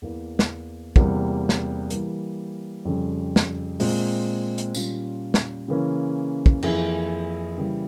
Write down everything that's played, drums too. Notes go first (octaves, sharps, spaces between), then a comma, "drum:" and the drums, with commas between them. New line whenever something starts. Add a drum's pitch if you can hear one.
E2 E3 A#3
drum: snare
E2 C3 G3 A#3, drum: kick
drum: snare
E3 G3 A#3, drum: hi-hat
F2 C#3 G3 C#4
drum: snare
A#2 G#3 C4, drum: open hi-hat
drum: hi-hat
A#2 G3 C#4 F4, drum: tambourine
drum: snare
C#3 E3 A#3 C#4
drum: kick
F2 E3 A#3 E4 G#4, drum: cymbal
C#3 E3 G3 A#3 E4